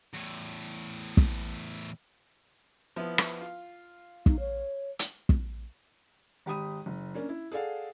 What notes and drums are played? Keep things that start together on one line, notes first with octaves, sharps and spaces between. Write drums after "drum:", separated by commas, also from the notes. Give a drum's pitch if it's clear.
E2 A2
drum: kick
F3 B3 E4
drum: rim click
F4
D#4, drum: kick
C#5
drum: hi-hat
drum: kick
G#1 G4 B5 D#6 D#7
F#1
A#3 C#4 D4
E4
G#4 A4 D5 F5 F#5